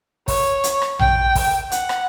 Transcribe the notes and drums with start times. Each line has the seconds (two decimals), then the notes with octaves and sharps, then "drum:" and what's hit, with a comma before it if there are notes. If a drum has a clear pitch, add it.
0.28 C#5, drum: kick, open hi-hat
0.64 drum: hi-hat
0.82 drum: rim click
0.99 G5, drum: tom A#1
1.35 drum: kick, open hi-hat
1.72 F#5, drum: hi-hat
1.89 drum: rim click